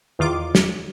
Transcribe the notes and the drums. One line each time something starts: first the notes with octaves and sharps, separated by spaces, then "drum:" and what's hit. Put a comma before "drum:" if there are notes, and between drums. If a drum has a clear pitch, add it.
E2 D#3 F4 D6
drum: snare